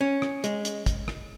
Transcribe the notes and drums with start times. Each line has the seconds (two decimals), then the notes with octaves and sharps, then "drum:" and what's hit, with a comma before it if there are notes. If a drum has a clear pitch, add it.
0.01 C#4
0.22 drum: rim click
0.44 G#3, drum: hi-hat
0.65 drum: hi-hat
0.86 drum: kick, hi-hat
1.08 drum: rim click